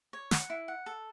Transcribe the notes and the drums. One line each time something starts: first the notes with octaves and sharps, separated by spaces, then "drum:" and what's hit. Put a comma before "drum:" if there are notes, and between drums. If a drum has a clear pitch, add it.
C#5
F#5, drum: snare
E4
F#5
A4